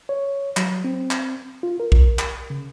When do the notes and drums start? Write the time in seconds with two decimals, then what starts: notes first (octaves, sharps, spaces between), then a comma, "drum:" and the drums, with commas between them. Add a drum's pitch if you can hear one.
0.09 C#5
0.57 F#3, drum: clap
0.84 C4
1.11 drum: clap
1.63 F4
1.80 A#4
1.92 drum: kick B1
2.19 drum: clap
2.50 C#3